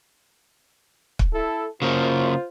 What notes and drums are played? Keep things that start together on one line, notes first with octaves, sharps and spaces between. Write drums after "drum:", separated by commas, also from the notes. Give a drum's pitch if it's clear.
drum: kick
E4 A4
C#3 A#3 F4 C5